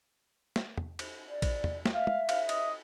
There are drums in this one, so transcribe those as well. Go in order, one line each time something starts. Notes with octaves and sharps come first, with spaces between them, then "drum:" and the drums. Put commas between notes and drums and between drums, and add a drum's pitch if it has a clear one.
drum: snare
drum: tom
drum: cymbal
D5
drum: kick, cymbal
drum: tom
drum: snare
E5 F5
drum: tom
F5, drum: cymbal
D#5, drum: cymbal